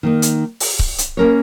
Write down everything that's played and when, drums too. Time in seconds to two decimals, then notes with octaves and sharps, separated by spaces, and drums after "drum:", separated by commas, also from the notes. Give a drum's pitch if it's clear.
0.03 D#3 A#3 D#4
0.22 drum: hi-hat
0.60 drum: open hi-hat
0.79 drum: kick C#1
0.98 drum: hi-hat
1.17 A#3 C#4 A#4 C#5